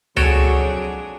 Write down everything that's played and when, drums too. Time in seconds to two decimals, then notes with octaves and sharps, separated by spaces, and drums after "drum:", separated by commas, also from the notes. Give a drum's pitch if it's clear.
0.17 F2 F#3 D4 F#4 G#4 A4 C#5 G5, drum: tom C#2